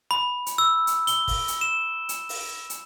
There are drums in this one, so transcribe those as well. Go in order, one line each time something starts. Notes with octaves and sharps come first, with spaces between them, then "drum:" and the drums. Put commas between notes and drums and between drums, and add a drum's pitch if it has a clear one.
B5
drum: hi-hat
E6
drum: hi-hat
G7, drum: hi-hat
drum: kick, open hi-hat
drum: hi-hat
E7
drum: hi-hat
drum: open hi-hat
drum: hi-hat